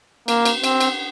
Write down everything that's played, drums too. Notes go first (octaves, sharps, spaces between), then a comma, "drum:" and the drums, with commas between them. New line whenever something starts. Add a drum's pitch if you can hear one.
A#3, drum: cymbal
drum: cymbal
C4, drum: cymbal
drum: cymbal